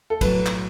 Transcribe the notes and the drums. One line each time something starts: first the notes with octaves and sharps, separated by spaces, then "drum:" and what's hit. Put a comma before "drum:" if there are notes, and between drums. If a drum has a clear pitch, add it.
A4
B1 A2 F#3 B4, drum: kick, cymbal
drum: clap